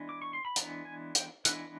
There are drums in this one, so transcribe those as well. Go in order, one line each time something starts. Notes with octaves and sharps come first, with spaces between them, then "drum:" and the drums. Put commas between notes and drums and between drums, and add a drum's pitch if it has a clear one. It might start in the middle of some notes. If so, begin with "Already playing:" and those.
Already playing: E3 G#3 B3 D4
D6
C#6
C6
B5
E3 G#3 B3 D4 A#5, drum: hi-hat
G#5
G5, drum: hi-hat
E3 G#3 B3 D4 F#5, drum: hi-hat